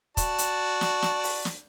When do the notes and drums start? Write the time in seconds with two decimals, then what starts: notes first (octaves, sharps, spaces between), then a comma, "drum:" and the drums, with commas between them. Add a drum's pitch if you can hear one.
0.17 F#4 D5 A5, drum: kick, hi-hat
0.38 drum: hi-hat
0.81 drum: snare
1.02 drum: snare
1.24 drum: open hi-hat
1.45 drum: snare